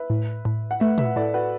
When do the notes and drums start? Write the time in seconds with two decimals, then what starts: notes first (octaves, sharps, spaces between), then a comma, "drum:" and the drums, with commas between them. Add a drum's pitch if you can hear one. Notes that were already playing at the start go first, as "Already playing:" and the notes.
Already playing: B4 E5
0.10 A2
0.45 A2
0.71 F#5
0.80 A3 B4 E5
0.98 B4 E5, drum: tom
1.16 A2 A4 D5
1.34 F#4 B4